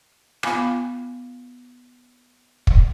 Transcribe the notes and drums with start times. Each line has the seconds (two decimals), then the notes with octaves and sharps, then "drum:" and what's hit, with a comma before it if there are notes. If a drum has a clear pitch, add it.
0.43 B3 F4 F5 G#5 B5 D6, drum: rim click
2.67 drum: kick